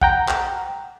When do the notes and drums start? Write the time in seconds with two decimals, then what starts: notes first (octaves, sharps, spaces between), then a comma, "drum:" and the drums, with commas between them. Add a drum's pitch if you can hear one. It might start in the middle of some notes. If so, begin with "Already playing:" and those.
0.01 F#5 G5 A#5, drum: kick
0.28 drum: clap